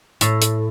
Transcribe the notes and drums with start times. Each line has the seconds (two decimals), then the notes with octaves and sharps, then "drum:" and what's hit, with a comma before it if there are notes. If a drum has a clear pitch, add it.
0.21 A2, drum: hi-hat
0.42 drum: hi-hat